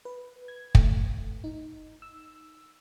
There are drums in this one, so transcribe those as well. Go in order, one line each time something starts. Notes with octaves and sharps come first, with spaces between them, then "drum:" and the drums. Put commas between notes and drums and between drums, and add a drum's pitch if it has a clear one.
B4
G#6
A3, drum: kick
D#4
E6